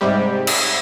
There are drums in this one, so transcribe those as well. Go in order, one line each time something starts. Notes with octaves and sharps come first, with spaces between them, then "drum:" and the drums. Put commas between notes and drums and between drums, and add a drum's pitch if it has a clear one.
G#2 C3 G3 G4
drum: cymbal